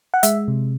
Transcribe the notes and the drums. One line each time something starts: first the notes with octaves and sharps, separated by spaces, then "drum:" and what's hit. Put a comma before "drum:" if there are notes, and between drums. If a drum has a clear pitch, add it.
F#5
G#3 E5, drum: hi-hat
C3